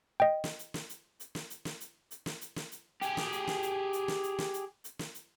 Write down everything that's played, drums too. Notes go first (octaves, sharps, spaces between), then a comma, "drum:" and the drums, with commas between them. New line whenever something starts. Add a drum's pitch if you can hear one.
D#5 G5
drum: snare
drum: hi-hat
drum: snare
drum: hi-hat
drum: hi-hat
drum: snare
drum: hi-hat
drum: snare
drum: hi-hat
drum: hi-hat
drum: snare
drum: hi-hat
drum: snare
drum: hi-hat
G4 G#4, drum: hi-hat
drum: snare
drum: hi-hat
drum: snare
drum: hi-hat
drum: hi-hat
drum: snare
drum: hi-hat
drum: snare
drum: hi-hat
drum: hi-hat
drum: snare
drum: hi-hat